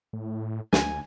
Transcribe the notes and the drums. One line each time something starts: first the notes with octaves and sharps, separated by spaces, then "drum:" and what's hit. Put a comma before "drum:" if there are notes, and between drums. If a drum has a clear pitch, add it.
A2
D2 G#5, drum: snare